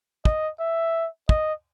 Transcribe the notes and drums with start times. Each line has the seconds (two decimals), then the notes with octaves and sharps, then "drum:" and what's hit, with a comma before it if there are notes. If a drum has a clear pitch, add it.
0.25 D#5, drum: kick
0.60 E5
1.29 D#5, drum: kick